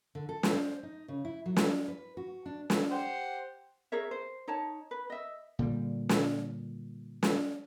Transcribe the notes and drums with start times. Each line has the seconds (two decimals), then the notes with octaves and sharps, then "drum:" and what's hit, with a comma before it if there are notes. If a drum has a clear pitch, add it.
0.15 D3
0.29 A4
0.43 drum: snare
0.53 C5
0.83 D#4
1.08 C#3
1.25 E4
1.46 F#3
1.56 drum: snare
1.88 B4
2.17 F#4
2.46 D4
2.70 drum: snare
2.91 G4 C5 F#5
3.92 G#4 A#4 C#5 E5
4.11 C5
4.48 D#4 C#5 A5
4.91 B4
5.10 D#5 E5
5.59 A#2 D3 G3
6.09 drum: snare
7.23 drum: snare